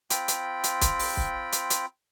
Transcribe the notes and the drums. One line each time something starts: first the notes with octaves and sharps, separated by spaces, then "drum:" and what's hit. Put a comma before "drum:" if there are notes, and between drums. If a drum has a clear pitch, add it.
C4 F4 G5 B5, drum: hi-hat
drum: hi-hat
drum: hi-hat
drum: kick, hi-hat
drum: open hi-hat
drum: kick
drum: hi-hat
drum: hi-hat